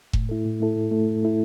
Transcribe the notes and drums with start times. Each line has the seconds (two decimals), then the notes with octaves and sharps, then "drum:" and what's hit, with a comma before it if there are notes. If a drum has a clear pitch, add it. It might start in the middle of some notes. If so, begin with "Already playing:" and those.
0.13 A2, drum: kick F1
0.29 A3 E4 A4
0.45 A2
0.60 A3 E4 A4
0.76 A2
0.92 A3 E4 A4
1.08 A2
1.23 A3 E4 A4